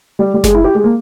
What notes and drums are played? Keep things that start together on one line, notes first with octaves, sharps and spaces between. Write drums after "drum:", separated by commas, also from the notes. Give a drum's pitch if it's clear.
G3
G3
G#3, drum: snare F#1
E4
G4
G#3
A#3